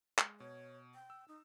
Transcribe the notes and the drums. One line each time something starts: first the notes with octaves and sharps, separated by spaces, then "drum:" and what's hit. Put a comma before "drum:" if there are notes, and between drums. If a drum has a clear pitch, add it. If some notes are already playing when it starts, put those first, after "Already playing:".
G#3, drum: clap
B2 C#5
G5
E6
D#4